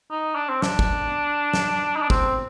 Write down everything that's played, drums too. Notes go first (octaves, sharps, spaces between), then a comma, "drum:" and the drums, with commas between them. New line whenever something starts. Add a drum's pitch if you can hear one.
D#4
D4
C4
D4, drum: snare
drum: kick
drum: snare
D#4
D4
C4, drum: kick